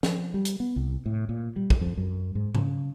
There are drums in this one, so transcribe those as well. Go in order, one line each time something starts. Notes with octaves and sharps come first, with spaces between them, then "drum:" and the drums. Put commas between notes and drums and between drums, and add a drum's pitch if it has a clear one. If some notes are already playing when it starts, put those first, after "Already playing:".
F3, drum: snare
G3
drum: hi-hat
B3
C2
A2
A#2
G3
drum: kick
F2
F#2
G#2
C#3, drum: tom G#2